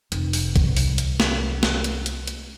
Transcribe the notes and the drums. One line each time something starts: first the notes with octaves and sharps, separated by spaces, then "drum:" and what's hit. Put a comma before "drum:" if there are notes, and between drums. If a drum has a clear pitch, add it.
F1, drum: hi-hat
drum: open hi-hat
C2, drum: kick B1, hi-hat
drum: open hi-hat
drum: hi-hat
drum: snare
drum: snare
drum: hi-hat
drum: hi-hat
drum: hi-hat